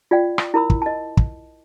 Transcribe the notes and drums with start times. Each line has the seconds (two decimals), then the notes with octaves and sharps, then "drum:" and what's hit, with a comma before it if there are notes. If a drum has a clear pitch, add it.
0.11 F4 D5 F5 G5
0.38 drum: rim click
0.54 E4 A#4 B5 E6
0.70 drum: kick
0.82 D#5 A5
1.17 drum: kick